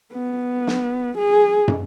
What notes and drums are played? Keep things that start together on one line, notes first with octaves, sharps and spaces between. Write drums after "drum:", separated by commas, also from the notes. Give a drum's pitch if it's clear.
B3
drum: snare
G#4
drum: tom